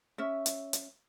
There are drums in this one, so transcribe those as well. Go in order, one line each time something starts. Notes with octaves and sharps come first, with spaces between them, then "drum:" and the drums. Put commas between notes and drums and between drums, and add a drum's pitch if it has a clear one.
C#4 E5
drum: hi-hat
drum: hi-hat